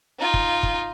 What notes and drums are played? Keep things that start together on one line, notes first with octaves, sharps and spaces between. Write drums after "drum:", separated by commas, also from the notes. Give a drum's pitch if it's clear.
D#4 F4
drum: kick
drum: kick